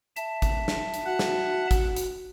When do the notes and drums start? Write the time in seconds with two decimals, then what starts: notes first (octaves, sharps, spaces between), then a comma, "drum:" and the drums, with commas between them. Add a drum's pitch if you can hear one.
0.17 E5 A5, drum: hi-hat
0.42 drum: kick, hi-hat
0.68 drum: snare
0.94 drum: hi-hat
1.06 F#4 F#5
1.19 drum: snare
1.71 drum: kick, hi-hat
1.96 drum: hi-hat